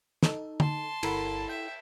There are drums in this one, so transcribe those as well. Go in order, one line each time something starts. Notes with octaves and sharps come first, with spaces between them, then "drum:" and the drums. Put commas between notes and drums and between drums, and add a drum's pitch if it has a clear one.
D#4 A4, drum: snare
A5 C6, drum: tom
G1 E4 A4 A#4 F#5 B5, drum: cymbal
E5 G5